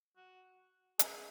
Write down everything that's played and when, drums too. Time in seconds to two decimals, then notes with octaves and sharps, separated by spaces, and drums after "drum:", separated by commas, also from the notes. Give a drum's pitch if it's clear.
0.17 F#4
0.99 G#4, drum: hi-hat